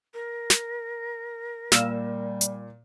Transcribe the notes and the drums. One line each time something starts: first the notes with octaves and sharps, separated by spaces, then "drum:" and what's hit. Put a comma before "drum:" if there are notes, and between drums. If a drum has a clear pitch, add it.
A#4
drum: snare
A#2 G3 F5 E6, drum: snare
drum: hi-hat